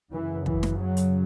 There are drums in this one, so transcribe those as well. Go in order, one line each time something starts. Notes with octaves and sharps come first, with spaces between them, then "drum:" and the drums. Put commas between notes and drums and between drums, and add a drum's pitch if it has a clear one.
F#2 C#3 E3
E3, drum: kick
drum: snare
F#3
drum: hi-hat